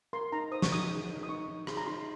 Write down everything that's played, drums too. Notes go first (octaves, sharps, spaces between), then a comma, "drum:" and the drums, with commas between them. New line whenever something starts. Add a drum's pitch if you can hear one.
A#4 C6
D#4 A#5
C5 D#6
C#6, drum: snare
D#4 D#6
G#4
D#4
D#6
D#4 C#6
D#4
G#4 C6, drum: rim click
A#5
D#4 C6